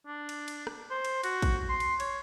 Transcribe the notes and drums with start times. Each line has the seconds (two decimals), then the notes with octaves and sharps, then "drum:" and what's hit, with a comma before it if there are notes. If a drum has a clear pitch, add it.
0.07 D4
0.29 drum: cymbal
0.48 drum: cymbal
0.67 drum: rim click
0.91 C5
1.05 drum: cymbal
1.24 F#4, drum: cymbal
1.42 drum: kick, cymbal
1.69 C6
1.80 drum: cymbal
2.00 C#5, drum: cymbal